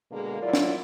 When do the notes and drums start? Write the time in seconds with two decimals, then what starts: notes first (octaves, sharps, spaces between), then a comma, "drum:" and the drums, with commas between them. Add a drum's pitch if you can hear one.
0.11 B2 D3 G#3 A#3
0.42 F#3 E4 F4 D5
0.53 drum: snare